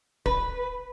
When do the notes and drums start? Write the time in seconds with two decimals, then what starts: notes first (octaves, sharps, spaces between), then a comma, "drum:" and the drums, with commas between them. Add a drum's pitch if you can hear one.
0.26 B4, drum: kick